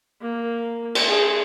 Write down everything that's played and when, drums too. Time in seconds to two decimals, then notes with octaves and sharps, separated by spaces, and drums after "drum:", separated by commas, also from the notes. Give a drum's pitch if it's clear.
0.22 A#3
0.95 drum: cymbal
1.07 G#4